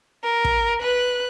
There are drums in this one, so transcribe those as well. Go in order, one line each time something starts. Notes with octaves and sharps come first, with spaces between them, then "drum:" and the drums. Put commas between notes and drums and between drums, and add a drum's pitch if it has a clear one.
A#4
drum: kick
B4 F#6